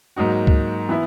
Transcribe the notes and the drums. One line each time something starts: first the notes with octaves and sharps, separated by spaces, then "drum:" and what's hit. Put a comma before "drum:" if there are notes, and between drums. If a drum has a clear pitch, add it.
G#2 F#3 A#3 D#4 F#4
drum: kick C#2
E3 B3 E4